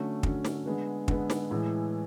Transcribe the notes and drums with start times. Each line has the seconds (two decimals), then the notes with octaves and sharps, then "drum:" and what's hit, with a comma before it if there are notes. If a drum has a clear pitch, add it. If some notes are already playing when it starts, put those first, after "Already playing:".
Already playing: D3 F#3 A3 C#4
0.23 D3 F#3 A3 C#4, drum: kick
0.45 drum: snare
0.66 D3 G#3 B3
1.08 D3 G#3 B3, drum: kick
1.30 drum: snare
1.51 A2 E3 G#3